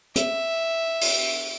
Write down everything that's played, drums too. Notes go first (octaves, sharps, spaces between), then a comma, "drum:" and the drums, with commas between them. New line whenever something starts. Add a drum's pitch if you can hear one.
E5, drum: hi-hat
drum: open hi-hat